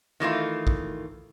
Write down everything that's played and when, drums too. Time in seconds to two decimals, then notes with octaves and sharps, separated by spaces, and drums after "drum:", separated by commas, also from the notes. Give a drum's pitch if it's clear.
0.20 D#3 E3 A3 F4
0.67 drum: kick A#1